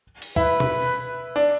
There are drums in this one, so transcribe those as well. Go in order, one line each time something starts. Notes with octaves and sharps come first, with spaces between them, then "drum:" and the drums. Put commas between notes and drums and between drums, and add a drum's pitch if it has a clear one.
drum: cymbal
E4 B4, drum: kick
drum: tom B2
D4